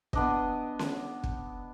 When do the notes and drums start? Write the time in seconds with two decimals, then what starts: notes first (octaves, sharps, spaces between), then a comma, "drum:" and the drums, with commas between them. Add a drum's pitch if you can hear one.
0.13 B3 D4 D#5, drum: kick
0.79 drum: snare C#4
1.23 drum: kick